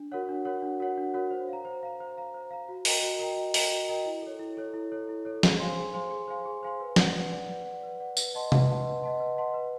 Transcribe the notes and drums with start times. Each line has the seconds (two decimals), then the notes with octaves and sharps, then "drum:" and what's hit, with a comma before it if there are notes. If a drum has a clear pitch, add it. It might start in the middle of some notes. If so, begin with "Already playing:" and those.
Already playing: D4
0.12 F#4 A#4 C#5 F#5
0.29 D4
0.45 F#4 A#4 C#5 F#5
0.62 D4
0.80 F#4 A#4 C#5 F#5
0.98 D4
1.14 F#4 A#4 C#5 F#5
1.31 C5
1.49 F5 A#5
1.65 C5
1.83 F5 A#5
2.00 C5
2.17 F5 A#5
2.34 C5
2.51 F5 A#5
2.69 F#4
2.85 A#4 D#5 G5 A#5, drum: open hi-hat
3.03 F#4
3.19 A#4 D#5 G5 A#5
3.36 F#4
3.54 A#4 D#5 G5 A#5, drum: open hi-hat
3.71 F#4
3.88 A#4 D#5 G5 A#5
4.06 E4
4.22 A4 C#5
4.39 E4
4.57 A4 C#5
4.73 E4
4.92 A4 C#5
5.09 E4
5.25 A4 C#5
5.43 G#4, drum: snare
5.59 C5 F5 G#5 C6
5.77 G#4
5.93 C5 F5 G#5 C6
6.11 G#4
6.28 C5 F5 G#5 C6
6.45 G#4
6.63 C5 F5 G#5 C6
6.80 B4
6.96 D5 F#5, drum: snare
7.14 B4
7.31 D5 F#5
7.48 B4
7.65 D5 F#5
7.83 B4
8.00 D5 F#5
8.17 B4, drum: tambourine
8.35 D#5 F#5 A5 C6
8.52 B4, drum: tom C3
8.69 D#5 F#5 A5 C6
8.85 B4
9.03 D#5 F#5 A5 C6
9.20 B4
9.37 D#5 F#5 A5 C6
9.54 B4